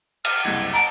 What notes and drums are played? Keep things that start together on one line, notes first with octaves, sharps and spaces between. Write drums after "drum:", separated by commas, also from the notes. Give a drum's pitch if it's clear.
F6, drum: cymbal
F#1 C2 G#6
F#5 A5 A#5 D7